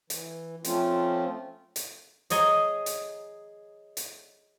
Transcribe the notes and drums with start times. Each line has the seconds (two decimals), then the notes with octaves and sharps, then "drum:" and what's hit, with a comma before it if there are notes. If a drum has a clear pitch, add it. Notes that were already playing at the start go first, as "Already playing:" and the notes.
0.10 E3, drum: hi-hat
0.64 F3 A3 C4 C#4 F4, drum: hi-hat
1.76 drum: hi-hat
2.30 G#4 C#5 D#5 G#5 A#5, drum: hi-hat
2.86 drum: hi-hat
3.97 drum: hi-hat